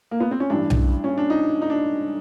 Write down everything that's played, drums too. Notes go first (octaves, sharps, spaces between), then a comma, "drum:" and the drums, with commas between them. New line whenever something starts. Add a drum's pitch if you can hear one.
A#3
B3
C4
C#4
A1 G2 E3 D4
drum: tom B1
C#4
D4
D#4
D#4
D4